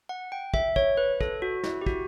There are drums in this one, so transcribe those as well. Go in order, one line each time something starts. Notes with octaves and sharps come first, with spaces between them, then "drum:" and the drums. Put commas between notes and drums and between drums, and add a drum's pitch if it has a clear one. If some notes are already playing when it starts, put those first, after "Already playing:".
F#5
G5
E5, drum: kick
C#5, drum: kick
B4
A4, drum: kick
F#4
E4, drum: snare
G4
F#4, drum: kick